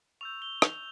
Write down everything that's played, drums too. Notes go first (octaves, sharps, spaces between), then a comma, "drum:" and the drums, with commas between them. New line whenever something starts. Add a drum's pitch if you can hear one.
C#6 E6 G6 F7
G7
F7, drum: rim click